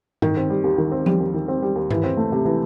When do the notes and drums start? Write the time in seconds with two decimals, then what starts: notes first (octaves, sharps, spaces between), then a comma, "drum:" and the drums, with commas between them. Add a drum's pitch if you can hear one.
0.22 D#3, drum: tom
0.37 C4
0.50 G3
0.64 D#2
0.78 D#3
0.92 C4
1.06 G3, drum: tom F3
1.20 D#2
1.34 D#3
1.48 C4
1.62 G3
1.76 D#2
1.91 E3, drum: tom
2.04 C4
2.17 A3
2.32 C3
2.45 E3